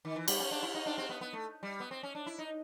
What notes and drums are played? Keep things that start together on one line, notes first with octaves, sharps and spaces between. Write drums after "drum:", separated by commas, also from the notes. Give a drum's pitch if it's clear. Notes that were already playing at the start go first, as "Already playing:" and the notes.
D#3
E3
G3, drum: cymbal
C#4
D4
E4
D#4
D4
C4
B3
B3
A3
G3
B3
C4
C#4
D4
E4
D#4